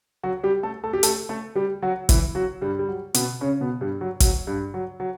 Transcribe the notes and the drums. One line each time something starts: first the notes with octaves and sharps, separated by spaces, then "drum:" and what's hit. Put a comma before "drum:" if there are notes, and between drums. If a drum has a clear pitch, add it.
F#3 F#4
G3 G4
A3 A4
A3 A4
G4
A3 A4, drum: hi-hat
A3 A4
G3 G4
F#3 F#4
E3 E4, drum: kick, hi-hat
F#3 F#4
G2 G3
G3
F#3
B2 B3, drum: hi-hat
C#3 C#4
B2 B3
G2 G3
F#3
F#3, drum: kick, hi-hat
G2 G3
F#3
F#3